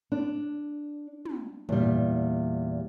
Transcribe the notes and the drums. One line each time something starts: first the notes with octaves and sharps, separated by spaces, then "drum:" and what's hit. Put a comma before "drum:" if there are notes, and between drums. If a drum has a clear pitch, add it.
D4
drum: tom
E2 A#2 G3, drum: tom